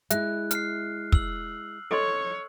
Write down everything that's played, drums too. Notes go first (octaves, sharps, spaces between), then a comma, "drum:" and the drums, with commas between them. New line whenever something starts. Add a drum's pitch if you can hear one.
G#3 E4 E5 F#6, drum: hi-hat
F6 C7, drum: hi-hat
E6 F#7, drum: kick
A4 C#5 D#5 C6